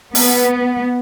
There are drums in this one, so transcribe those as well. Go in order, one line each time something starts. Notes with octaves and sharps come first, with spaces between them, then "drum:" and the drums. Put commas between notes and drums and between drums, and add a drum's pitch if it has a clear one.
B3, drum: open hi-hat